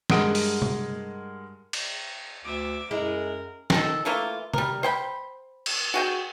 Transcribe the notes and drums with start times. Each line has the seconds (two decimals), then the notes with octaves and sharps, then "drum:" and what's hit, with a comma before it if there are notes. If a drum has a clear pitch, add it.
0.10 G2 G#3 A#4 F#5 D#6 D7, drum: snare
0.35 drum: open hi-hat
0.62 drum: tom C3
1.73 drum: cymbal
2.44 D2 E5 D6
2.91 F#2 G#3 E4 A#4
3.70 D#3 A4, drum: snare
4.05 E3 A3 A#3 F4
4.54 G3 A#4, drum: tom C3
4.83 C5 G5 B5
5.66 drum: cymbal
5.94 F#4 G#4 G5